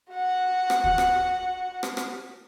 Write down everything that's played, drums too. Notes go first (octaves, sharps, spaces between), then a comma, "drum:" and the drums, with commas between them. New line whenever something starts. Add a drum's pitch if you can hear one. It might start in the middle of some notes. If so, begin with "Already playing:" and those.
F#4 F#5
drum: rim click
drum: kick D2
drum: rim click
drum: rim click
drum: rim click